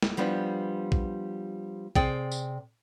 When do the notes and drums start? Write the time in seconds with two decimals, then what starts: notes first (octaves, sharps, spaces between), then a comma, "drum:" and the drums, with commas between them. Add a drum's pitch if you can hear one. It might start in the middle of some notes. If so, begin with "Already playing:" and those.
0.03 drum: snare
0.17 F3 G3 B3 D4
0.92 drum: kick A#1
1.96 C3 G#4 D5 G5, drum: kick A#1
2.32 drum: tambourine